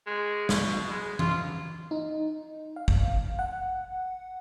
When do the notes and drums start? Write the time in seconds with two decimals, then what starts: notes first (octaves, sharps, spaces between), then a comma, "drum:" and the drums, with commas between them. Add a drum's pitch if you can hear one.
0.07 G#3
0.49 B2, drum: snare
0.91 G#3
1.19 F4, drum: tom E3
1.91 D#4
2.76 F5
2.88 drum: kick
3.39 F#5